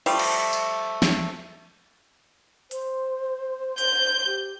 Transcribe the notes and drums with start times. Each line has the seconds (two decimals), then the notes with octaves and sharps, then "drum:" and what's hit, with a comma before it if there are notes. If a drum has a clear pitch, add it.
0.06 F3 G3 A3, drum: open hi-hat
0.19 drum: cymbal
0.53 drum: tambourine
1.02 drum: snare
2.71 C5, drum: hi-hat
3.78 G6, drum: hi-hat
4.26 G4